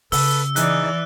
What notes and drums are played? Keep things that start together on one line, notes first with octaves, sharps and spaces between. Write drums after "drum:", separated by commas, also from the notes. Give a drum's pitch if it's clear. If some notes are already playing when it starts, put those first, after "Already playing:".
C#3 A4 B4 E6, drum: open hi-hat
E3 D#4 G#4 D5 F#6, drum: hi-hat